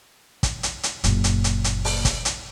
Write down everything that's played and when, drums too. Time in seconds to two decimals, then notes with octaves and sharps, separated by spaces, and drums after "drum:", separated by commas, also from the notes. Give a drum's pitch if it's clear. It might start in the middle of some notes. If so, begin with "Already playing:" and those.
0.43 drum: kick, hi-hat
0.63 drum: hi-hat
0.83 drum: hi-hat
1.04 F#1 A#2, drum: hi-hat
1.24 drum: hi-hat
1.44 drum: hi-hat
1.64 drum: hi-hat
1.85 drum: open hi-hat
2.05 drum: kick, hi-hat
2.25 drum: hi-hat